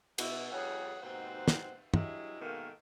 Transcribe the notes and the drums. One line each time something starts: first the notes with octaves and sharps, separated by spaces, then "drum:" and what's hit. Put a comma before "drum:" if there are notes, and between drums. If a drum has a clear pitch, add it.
B2 E4, drum: cymbal
F2 G3 C#4 G#4 C#5 F#5
D#2 G#2 B2 C4 C5 F#5
drum: snare
G2 F#3 G#3 E4, drum: tom
G#2 B2 D#3 A3 A#3